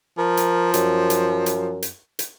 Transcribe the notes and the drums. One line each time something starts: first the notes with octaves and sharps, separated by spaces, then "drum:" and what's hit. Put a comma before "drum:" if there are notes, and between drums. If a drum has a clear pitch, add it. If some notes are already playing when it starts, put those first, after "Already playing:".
F3 A#4
drum: hi-hat
F#2, drum: hi-hat
drum: hi-hat
drum: hi-hat
drum: hi-hat
drum: hi-hat